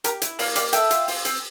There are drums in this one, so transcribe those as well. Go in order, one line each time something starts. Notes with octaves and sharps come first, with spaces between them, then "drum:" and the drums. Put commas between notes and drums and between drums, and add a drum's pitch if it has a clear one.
G4 A#4, drum: hi-hat
E4, drum: hi-hat
A#3 D5 F5, drum: open hi-hat
G4 D5 F5, drum: hi-hat
A4 E5 G5, drum: hi-hat
F4, drum: hi-hat
C4, drum: open hi-hat
C4, drum: hi-hat